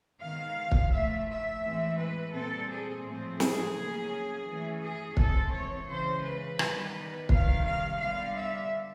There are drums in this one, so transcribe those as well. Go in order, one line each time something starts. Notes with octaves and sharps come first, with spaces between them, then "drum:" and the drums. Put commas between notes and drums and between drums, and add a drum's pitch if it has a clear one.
D#3 G#3 B3 F5
drum: kick
A2 F3 A3 E5
E5
A2 E3 G#3 C4
B4
A#2 G3 C4 A4
G#4
A2 F3 A3 C4
G#4, drum: snare
C#3 F#3 A#3 C#4
E3 A3 C#4
G#4
E3 G#3 C4 A4, drum: kick
C#5
C#3 E3 G#3 C5
B4
D#3 G3 B3, drum: rim click
C3 D#3 G3 F5, drum: kick
F5
D3 G3 B3 F5
E5